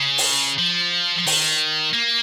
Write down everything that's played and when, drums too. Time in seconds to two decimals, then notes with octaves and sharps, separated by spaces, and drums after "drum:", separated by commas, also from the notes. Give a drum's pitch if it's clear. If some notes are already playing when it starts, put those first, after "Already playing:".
Already playing: C#3
0.18 drum: open hi-hat
0.59 F3
1.18 F3
1.27 D#3, drum: open hi-hat
1.94 A#3